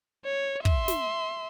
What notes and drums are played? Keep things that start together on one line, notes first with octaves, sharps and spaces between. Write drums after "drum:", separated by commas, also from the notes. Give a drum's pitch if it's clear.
C#5
E5 C6, drum: kick
drum: snare